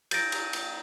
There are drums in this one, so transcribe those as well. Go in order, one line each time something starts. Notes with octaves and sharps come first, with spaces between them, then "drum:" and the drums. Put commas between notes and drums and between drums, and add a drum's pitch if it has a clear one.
G6 A6 A#6 D7, drum: cymbal
drum: cymbal
drum: cymbal